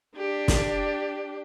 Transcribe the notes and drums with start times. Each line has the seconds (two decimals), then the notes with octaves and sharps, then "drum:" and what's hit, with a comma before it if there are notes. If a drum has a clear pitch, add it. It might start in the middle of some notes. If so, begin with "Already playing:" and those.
0.17 D4 G4
0.48 drum: snare